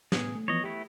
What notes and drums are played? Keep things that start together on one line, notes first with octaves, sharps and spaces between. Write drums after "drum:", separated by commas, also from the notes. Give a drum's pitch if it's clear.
A2 B3 G#4, drum: snare
A3
E3 F3 B3 C#5 D#5
A3 B3 E4 G4